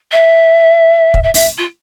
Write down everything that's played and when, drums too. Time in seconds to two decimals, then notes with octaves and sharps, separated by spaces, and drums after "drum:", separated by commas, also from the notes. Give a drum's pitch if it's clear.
0.12 E5
1.14 drum: kick
1.23 E5
1.34 E5, drum: open hi-hat
1.58 F4